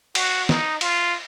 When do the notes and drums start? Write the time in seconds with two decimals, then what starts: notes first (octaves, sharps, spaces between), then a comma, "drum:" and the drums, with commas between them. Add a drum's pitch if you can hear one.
0.15 F#4, drum: cymbal
0.49 D#4, drum: snare
0.81 F4, drum: cymbal